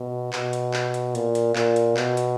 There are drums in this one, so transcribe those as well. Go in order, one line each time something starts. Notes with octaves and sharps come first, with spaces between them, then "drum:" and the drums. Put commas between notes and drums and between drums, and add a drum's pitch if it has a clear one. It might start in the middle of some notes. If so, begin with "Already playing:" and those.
Already playing: B2
B2, drum: clap
drum: hi-hat
drum: clap
drum: hi-hat
A#2, drum: hi-hat
drum: hi-hat
A#2, drum: clap
drum: hi-hat
B2, drum: clap
drum: hi-hat